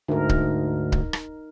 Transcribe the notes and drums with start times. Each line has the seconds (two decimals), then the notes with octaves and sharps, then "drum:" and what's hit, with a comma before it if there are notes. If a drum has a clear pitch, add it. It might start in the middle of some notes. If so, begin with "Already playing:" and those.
0.08 D2 G#2 D#4 A#4
0.29 drum: kick C#1
0.92 drum: kick C#1
1.13 drum: rim click